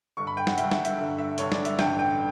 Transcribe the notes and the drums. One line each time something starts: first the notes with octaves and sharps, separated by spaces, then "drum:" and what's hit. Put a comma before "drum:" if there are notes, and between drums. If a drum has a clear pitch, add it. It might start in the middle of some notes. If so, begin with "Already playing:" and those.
G1 G2 D3 C#6
B5
G5
F#5, drum: snare
G1 G2 D3 E5, drum: hi-hat
F#5, drum: snare
E5, drum: hi-hat
G1 G2 D3
E5
G1 G2 D3 C#5, drum: hi-hat
D5, drum: snare
E5, drum: hi-hat
A1 G2 D3 G5, drum: snare
G5